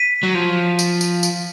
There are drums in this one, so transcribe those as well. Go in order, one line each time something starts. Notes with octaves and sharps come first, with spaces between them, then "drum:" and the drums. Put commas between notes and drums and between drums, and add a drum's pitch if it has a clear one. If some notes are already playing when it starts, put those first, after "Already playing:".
Already playing: B6 D#7
F#3
F3
drum: tambourine
drum: tambourine
drum: tambourine